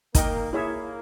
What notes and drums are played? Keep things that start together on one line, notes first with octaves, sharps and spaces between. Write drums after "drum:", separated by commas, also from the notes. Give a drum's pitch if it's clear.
A#3 D#4 A#4 D#5 G5, drum: kick, hi-hat
A#3 E4 G#4 C#5 E5